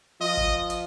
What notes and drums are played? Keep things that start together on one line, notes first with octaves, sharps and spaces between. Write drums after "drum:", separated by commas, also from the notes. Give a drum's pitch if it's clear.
F3 D#5
drum: kick G1
drum: hi-hat